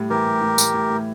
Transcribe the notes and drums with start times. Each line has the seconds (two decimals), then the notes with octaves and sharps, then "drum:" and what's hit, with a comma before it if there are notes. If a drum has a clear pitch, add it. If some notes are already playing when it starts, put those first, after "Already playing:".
Already playing: A2 G3
0.10 E3 G4 A#4
0.26 A2
0.42 A2
0.58 A2, drum: tambourine
0.74 A2
0.90 A2